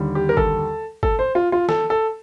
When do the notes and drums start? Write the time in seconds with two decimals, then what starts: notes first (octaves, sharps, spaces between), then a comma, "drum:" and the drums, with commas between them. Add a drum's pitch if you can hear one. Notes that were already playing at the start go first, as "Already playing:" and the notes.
Already playing: D#2 D3 G3
0.15 G4
0.29 A#4
0.37 A4, drum: kick G1
1.03 A4, drum: kick G1
1.19 C5
1.35 F4
1.52 F4
1.69 A4, drum: snare
1.90 A4